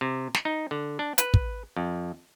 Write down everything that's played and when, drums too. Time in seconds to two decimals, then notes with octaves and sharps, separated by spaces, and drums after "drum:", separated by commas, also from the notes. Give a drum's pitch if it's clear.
0.01 C3
0.34 drum: snare
0.45 D#4
0.71 D3
0.99 D4
1.18 B4, drum: hi-hat
1.34 drum: kick
1.77 F2